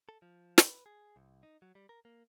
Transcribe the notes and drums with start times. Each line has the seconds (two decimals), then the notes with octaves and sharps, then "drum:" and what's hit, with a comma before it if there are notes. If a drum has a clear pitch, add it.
0.09 A4
0.22 F3
0.58 B4, drum: snare
0.86 G#4
1.16 C2
1.43 D#4
1.62 F#3
1.75 G3
1.89 A#4
2.05 A#3